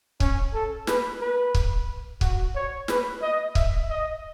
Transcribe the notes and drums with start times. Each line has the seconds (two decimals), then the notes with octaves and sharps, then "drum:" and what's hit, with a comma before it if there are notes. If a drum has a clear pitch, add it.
0.20 C#4, drum: kick C#1
0.54 A4
0.87 B4, drum: snare
1.21 B4
1.55 drum: kick C#1
2.21 F#4, drum: kick C#1
2.55 C#5
2.88 B4, drum: snare
3.22 D#5
3.55 E5, drum: kick C#1
3.90 D#5